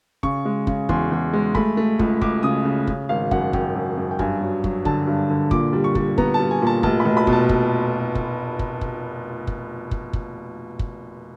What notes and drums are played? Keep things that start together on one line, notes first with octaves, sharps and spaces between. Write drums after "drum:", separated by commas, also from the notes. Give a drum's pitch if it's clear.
C#3 C#6, drum: kick
G#3
C#3, drum: kick
E2 C6, drum: kick
E2
G#3
A3 B5, drum: kick
A3
C#2, drum: kick
C#2 D6, drum: kick
C#3 D#6
C#3
C#3, drum: kick
G#1 F5
F#2 F#5, drum: kick
F#2 G5, drum: kick
F#2
F#2
G5
G2 G#5, drum: kick
F#3
F#3, drum: kick
D3 A5, drum: kick
G2
D3
A#2 D6, drum: kick
G3
C#6
G3, drum: kick
B3 A#5, drum: kick
A5
G3
G#5
A#2
A5
F1 A5, drum: kick
B5
F1
B5
B2, drum: kick
A5
drum: kick
drum: kick
drum: kick
drum: kick
drum: kick
drum: kick
drum: kick
drum: kick